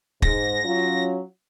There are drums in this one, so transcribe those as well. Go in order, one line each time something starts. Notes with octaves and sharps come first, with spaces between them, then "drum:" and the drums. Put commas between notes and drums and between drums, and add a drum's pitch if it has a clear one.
G#2 A#6, drum: kick
F#3 C#4 F4